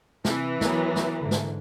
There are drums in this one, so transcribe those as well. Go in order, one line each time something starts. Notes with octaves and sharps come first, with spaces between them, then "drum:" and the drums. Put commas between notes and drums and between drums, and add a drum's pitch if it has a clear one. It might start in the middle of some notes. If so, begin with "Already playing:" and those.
C3 E3, drum: snare
F#3 B3 E4 A#4, drum: snare
drum: snare
G#2 D3
drum: snare